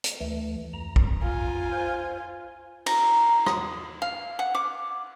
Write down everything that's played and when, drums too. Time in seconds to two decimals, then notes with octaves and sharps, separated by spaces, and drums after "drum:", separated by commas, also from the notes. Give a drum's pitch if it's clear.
0.04 drum: hi-hat
0.21 D2 E3 A3
0.73 F2 A#5
0.96 drum: kick
1.23 F4 G#5
1.72 C5
2.86 A#5, drum: cymbal
3.46 D#6, drum: rim click
4.02 F5
4.39 F#5
4.55 D6